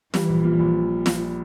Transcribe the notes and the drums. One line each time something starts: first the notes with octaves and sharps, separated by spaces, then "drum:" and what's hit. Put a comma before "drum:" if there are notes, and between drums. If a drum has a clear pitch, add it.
E3 G3, drum: snare
A#1
A#2
A#1
drum: snare